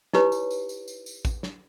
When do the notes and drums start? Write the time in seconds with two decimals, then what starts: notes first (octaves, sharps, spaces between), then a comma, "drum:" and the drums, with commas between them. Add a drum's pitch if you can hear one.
0.13 D#4 E4 G4 B4 C#5, drum: snare
0.32 drum: tambourine
0.51 drum: tambourine
0.69 drum: tambourine
0.88 drum: tambourine
1.06 drum: tambourine
1.25 drum: kick A1, tambourine
1.43 drum: snare